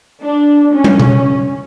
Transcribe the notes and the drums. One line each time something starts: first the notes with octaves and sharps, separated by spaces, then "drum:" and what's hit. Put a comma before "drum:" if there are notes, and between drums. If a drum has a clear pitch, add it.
D4
C#4
drum: tom
drum: tom B2